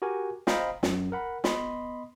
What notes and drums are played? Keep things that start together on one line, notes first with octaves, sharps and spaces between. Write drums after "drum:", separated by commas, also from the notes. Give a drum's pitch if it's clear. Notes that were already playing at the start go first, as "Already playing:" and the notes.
F#4 G4 A#4 G#5
C5 D#5 F5 G5 A#5 B5, drum: snare
F#2, drum: snare
A#4 F#5 B5
B3 D#5 B5 C6, drum: snare